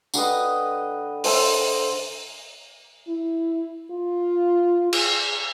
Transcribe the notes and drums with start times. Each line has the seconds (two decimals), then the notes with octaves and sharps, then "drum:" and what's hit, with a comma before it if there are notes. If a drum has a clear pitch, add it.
0.14 D3 G4 B4 D#5, drum: tambourine
1.24 A4 C5, drum: open hi-hat
3.07 E4
3.91 F4
4.93 G#4, drum: cymbal